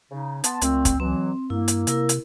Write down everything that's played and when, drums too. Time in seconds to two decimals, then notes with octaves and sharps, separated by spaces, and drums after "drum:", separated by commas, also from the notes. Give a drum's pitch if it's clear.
0.11 C#3 D#4
0.44 B3 A5 C6, drum: hi-hat
0.62 C#2 A#2 A3 C4, drum: hi-hat
0.85 drum: kick, hi-hat
1.00 B2 E3 F#3 C4
1.50 G2 A#3 E4
1.68 drum: hi-hat
1.87 C3 E4 A#4 E6, drum: hi-hat
2.09 drum: hi-hat